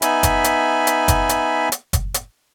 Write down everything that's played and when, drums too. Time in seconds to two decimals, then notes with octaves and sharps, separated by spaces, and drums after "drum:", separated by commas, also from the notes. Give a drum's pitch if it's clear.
0.02 B3 D#4 E5 G#5 B5, drum: hi-hat
0.23 drum: kick F#1, hi-hat
0.44 drum: hi-hat
0.87 drum: hi-hat
1.08 drum: kick F#1, hi-hat
1.29 drum: hi-hat
1.72 drum: hi-hat
1.93 drum: kick F#1, hi-hat
2.14 drum: hi-hat